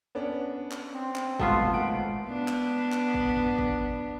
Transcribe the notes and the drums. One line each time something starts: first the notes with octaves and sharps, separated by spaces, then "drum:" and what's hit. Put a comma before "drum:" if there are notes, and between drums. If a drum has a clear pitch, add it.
B3 C#4 D4
drum: clap
C4
drum: clap
G#3 A3 B3 F4, drum: kick
drum: tom A#2
G#1 F#5 D7
B3 D4
drum: clap
drum: clap
drum: kick
drum: tom F#2
drum: kick